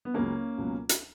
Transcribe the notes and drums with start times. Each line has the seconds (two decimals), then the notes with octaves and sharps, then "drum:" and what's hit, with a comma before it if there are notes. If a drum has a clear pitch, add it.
0.05 B3
0.14 C#2 C#3 F#3 A#3 C#4
0.58 C#2 B2 F#3
0.89 drum: hi-hat